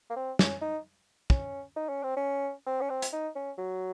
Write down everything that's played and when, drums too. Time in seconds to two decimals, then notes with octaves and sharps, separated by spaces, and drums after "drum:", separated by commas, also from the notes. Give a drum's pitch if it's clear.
0.10 A#3
0.16 C4
0.39 C#4, drum: snare
0.62 D#4
1.30 C#4, drum: kick
1.76 D#4
1.89 C#4
2.03 C4
2.17 C#4
2.66 C4
2.81 C#4
2.90 C4
3.02 drum: hi-hat
3.13 D#4
3.36 C#4
3.58 F#3